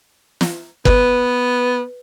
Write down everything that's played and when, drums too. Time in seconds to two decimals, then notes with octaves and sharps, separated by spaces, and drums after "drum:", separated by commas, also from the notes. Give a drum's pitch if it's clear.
0.41 drum: snare
0.85 B3 B4, drum: kick